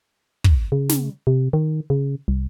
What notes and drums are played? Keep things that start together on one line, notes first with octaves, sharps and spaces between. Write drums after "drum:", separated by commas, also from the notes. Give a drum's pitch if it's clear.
drum: kick
C#3
drum: snare
C3
D#3
C#3
C2